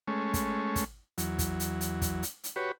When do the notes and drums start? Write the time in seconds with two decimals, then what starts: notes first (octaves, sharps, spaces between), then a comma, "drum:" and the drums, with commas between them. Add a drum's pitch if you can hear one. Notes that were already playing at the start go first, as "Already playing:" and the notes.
0.08 G#3 A3 C#4
0.34 drum: kick, hi-hat
0.76 drum: kick, hi-hat
1.18 E2 F#3, drum: hi-hat
1.39 drum: kick, hi-hat
1.60 drum: hi-hat
1.81 drum: hi-hat
2.02 drum: kick, hi-hat
2.23 drum: hi-hat
2.44 drum: hi-hat
2.56 F#4 G4 B4 C#5